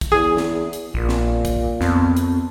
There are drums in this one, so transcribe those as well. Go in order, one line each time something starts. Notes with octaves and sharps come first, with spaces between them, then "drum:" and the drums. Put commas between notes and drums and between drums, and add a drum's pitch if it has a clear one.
drum: kick, hi-hat
E2 G#4
drum: snare
drum: hi-hat
A#1 A#2
drum: snare
drum: kick, hi-hat
F2 B3 C4 A5, drum: snare
drum: hi-hat